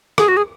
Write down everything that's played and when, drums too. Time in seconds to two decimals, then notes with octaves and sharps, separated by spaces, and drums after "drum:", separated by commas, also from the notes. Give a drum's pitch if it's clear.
0.18 G#4, drum: rim click
0.28 F#4
0.37 G#4